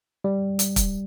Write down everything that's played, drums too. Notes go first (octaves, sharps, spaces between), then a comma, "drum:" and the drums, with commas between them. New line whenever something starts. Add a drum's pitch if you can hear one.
G3
drum: hi-hat
drum: kick, hi-hat